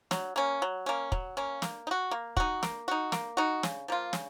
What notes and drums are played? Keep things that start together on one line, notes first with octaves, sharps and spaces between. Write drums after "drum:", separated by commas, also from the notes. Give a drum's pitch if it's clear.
F#3, drum: snare
A#3 C#4
F#3
A#3 C#4
F#3, drum: kick
A#3 C#4
A#3, drum: snare
D#4
F#4
A#3
D#4 F#4, drum: kick
A#3, drum: snare
D#4 F#4
A#3, drum: snare
D#4 F#4
C#3, drum: snare
F3 A#3 F4
C#3, drum: snare